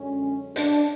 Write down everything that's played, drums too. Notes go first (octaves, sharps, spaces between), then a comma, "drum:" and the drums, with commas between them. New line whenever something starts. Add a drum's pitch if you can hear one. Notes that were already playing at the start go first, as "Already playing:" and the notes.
Already playing: F#2 D3 G#3 C#4
D4, drum: hi-hat